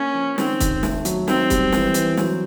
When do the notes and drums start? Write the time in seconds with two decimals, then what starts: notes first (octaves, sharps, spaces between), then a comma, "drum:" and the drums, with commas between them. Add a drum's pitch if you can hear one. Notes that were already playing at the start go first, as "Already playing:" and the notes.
Already playing: A#3 C#4
0.15 F3
0.38 D#3 C4, drum: snare
0.60 D#2, drum: kick, hi-hat
0.83 A3, drum: snare
1.05 F#3, drum: hi-hat
1.28 D#3 C4, drum: snare
1.50 G3, drum: kick, hi-hat
1.72 E3, drum: snare
1.94 E3, drum: hi-hat
2.17 F#3, drum: snare